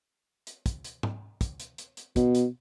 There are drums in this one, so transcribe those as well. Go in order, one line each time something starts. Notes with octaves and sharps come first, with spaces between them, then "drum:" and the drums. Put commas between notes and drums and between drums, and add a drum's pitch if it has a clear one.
drum: hi-hat
drum: kick, hi-hat
drum: hi-hat
drum: tom
drum: kick, hi-hat
drum: hi-hat
drum: hi-hat
drum: hi-hat
B2, drum: kick, hi-hat
drum: hi-hat